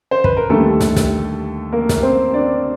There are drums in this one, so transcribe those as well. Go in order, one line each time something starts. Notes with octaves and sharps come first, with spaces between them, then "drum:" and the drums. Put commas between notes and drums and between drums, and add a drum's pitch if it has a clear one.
C5
B4, drum: kick
A#4
D#2 D3 G3 A3 A4
drum: snare
drum: snare
A#3 A#4
drum: snare
C4 C5
D4 D5